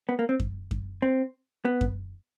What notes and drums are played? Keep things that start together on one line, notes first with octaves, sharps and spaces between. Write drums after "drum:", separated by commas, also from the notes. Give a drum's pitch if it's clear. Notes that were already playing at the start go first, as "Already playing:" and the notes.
B3
A#3
C4
drum: kick F#2
drum: kick F#2
C4
B3
drum: kick F#2